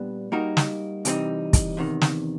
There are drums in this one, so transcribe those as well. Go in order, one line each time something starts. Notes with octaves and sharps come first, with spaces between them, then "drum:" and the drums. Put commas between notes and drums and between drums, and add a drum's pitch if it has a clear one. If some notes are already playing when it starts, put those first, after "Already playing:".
Already playing: A#2 G3 B3 D4
G3 A#3 D#4 F#4 A#4
drum: snare
C3 E3 G3 C4 D#4, drum: hi-hat
drum: kick, hi-hat
E2 C3 D#3
drum: snare